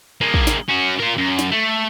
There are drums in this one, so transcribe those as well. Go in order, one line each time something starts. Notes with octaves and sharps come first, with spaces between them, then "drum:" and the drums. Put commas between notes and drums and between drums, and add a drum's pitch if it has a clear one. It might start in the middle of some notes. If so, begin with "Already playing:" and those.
A#3 G#4
drum: kick
drum: snare
C#4 F#4
F4 A#4
F#2
drum: snare
A3